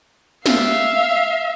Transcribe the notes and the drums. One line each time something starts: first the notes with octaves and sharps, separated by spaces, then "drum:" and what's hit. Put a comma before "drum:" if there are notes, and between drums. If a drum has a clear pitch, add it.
E5 F5, drum: snare